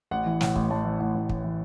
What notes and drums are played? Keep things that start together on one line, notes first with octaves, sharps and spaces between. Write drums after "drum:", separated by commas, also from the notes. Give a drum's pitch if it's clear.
A1 F#5
E3
A2 F#5, drum: snare
A1, drum: kick
A1 A5
E3
A2 F#5
A1
A1, drum: kick
E3